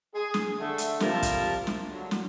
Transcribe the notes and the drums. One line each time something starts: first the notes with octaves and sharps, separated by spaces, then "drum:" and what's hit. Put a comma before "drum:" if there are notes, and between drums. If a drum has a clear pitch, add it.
G#4
drum: snare
D3 A3
drum: hi-hat
C3 F3 G3 A#4 A5, drum: snare
drum: kick, hi-hat
drum: snare
D3 F#3
drum: snare